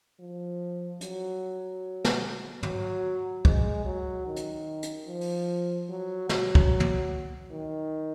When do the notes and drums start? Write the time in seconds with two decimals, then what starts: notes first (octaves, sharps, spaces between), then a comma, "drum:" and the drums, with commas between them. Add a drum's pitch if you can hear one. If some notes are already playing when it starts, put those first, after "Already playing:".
0.20 F3
1.01 F#3, drum: hi-hat
2.05 drum: snare
2.63 F#3, drum: tom
3.45 G#3, drum: kick
3.86 F#3
4.26 D#3
4.36 drum: hi-hat
4.83 drum: hi-hat
5.07 F3
5.21 drum: open hi-hat
5.89 F#3
6.29 F#3, drum: snare
6.55 drum: kick
6.80 drum: tom
7.51 D#3